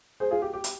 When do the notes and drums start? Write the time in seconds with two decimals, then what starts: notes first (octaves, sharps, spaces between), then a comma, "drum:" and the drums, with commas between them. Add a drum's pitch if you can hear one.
0.20 G#4 C5
0.31 F4 G#4
0.42 G4
0.53 G4
0.64 drum: hi-hat